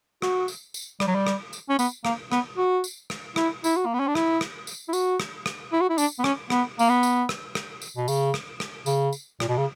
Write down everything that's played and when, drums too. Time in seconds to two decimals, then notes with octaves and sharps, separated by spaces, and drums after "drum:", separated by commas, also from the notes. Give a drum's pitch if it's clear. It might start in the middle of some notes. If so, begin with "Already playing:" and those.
0.22 F#4, drum: rim click
0.48 drum: tambourine
0.74 drum: tambourine
1.00 G3, drum: rim click
1.07 F#3
1.15 G3
1.27 drum: rim click
1.53 drum: tambourine
1.69 C#4
1.79 B3, drum: tambourine
2.05 A#3, drum: rim click
2.32 B3, drum: rim click
2.57 F#4
2.84 drum: tambourine
3.10 drum: rim click
3.36 E4, drum: rim click
3.64 E4, drum: tambourine
3.76 F#4
3.85 A#3
3.94 B3
4.00 C#4
4.08 D4
4.15 E4, drum: rim click
4.41 drum: rim click
4.67 drum: tambourine
4.88 E4
4.93 F#4, drum: tambourine
5.20 drum: rim click
5.46 drum: rim click
5.72 E4
5.81 F#4
5.90 E4
5.98 D4, drum: tambourine
6.19 B3
6.24 C#4, drum: rim click
6.50 B3, drum: rim click
6.79 A#3, drum: tambourine
6.89 B3
7.03 drum: tambourine
7.29 drum: rim click
7.55 drum: rim click
7.82 drum: tambourine
7.97 B2
8.08 C#3, drum: tambourine
8.34 drum: rim click
8.60 drum: rim click
8.86 C#3, drum: tambourine
9.13 drum: tambourine
9.40 A#2, drum: rim click
9.49 B2
9.57 C#3